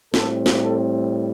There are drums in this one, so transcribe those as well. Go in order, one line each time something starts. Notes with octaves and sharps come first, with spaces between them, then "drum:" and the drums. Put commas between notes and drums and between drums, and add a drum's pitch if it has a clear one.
A2 G3 C4 A4, drum: snare
drum: snare
A4